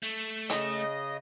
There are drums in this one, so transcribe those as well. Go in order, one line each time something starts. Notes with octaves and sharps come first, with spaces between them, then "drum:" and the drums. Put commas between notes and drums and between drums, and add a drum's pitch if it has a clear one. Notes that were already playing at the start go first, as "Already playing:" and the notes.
A3
C#3 D#5, drum: hi-hat